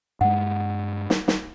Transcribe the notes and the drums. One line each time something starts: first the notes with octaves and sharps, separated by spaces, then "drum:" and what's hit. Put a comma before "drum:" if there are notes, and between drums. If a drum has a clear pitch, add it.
G2 G#3 F#5
drum: snare
drum: snare